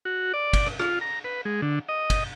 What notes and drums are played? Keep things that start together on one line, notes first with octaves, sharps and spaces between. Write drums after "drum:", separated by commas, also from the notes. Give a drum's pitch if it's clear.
F#4
D5
drum: kick G1, cymbal
drum: rim click
F4, drum: rim click
A#5
B4
G#3
D3
D#5
drum: kick G1, cymbal